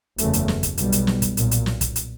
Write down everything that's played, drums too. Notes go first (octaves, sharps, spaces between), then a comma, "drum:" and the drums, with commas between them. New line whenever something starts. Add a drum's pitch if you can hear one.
F#1 E2 C#3 A3, drum: hi-hat
drum: hi-hat
drum: snare
drum: kick, hi-hat
B1 B2 G3, drum: hi-hat
drum: hi-hat
drum: snare
drum: kick, hi-hat
B1 A#2, drum: hi-hat
drum: hi-hat
drum: snare
drum: kick, hi-hat
drum: hi-hat